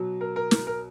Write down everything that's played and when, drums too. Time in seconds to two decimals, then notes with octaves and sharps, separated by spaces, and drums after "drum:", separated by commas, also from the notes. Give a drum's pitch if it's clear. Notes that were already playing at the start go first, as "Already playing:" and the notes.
Already playing: B2 F#3
0.21 A#4
0.36 A#4
0.51 A#4, drum: snare
0.67 A#4